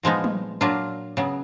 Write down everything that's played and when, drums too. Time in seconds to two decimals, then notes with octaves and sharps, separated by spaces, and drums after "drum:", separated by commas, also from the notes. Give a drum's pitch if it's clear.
0.03 A#2 F3 G#3 B3 D#4
0.24 drum: tom
0.61 A#2 F#3 A#3 D4 F4
1.17 C#3 F#3 B3